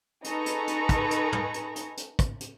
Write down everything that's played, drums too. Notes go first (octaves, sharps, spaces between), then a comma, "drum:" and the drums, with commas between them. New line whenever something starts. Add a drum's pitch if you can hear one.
D#4 G#4 A4 B4 A#5 C#6, drum: hi-hat
drum: hi-hat
drum: hi-hat
drum: kick, hi-hat
drum: hi-hat
drum: tom
drum: hi-hat
drum: hi-hat
drum: hi-hat
drum: kick, hi-hat
drum: hi-hat